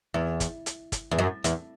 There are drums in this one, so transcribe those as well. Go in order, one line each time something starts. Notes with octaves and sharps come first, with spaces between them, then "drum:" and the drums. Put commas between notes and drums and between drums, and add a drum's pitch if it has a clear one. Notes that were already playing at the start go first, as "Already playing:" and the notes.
E2
drum: kick, hi-hat
drum: hi-hat
drum: kick, hi-hat
E2
F#2
E2, drum: hi-hat